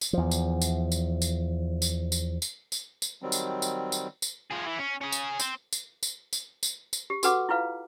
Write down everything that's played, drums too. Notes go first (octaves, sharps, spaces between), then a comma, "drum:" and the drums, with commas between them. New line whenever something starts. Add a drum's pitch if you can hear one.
drum: tambourine
E2 F3
drum: tambourine
drum: tambourine
drum: tambourine
drum: tambourine
drum: tambourine
drum: tambourine
drum: tambourine
drum: tambourine
drum: tambourine
D#3 F#3 G3 C4
drum: tambourine
drum: tambourine
drum: tambourine
drum: tambourine
F3 G#4
E3
C#4
C#4 G#4
drum: tambourine
C4, drum: tambourine
drum: tambourine
drum: tambourine
drum: tambourine
drum: tambourine
drum: tambourine
G4
F#4 A4 B4 F#5 D6, drum: tambourine
E4 F4 B4 F5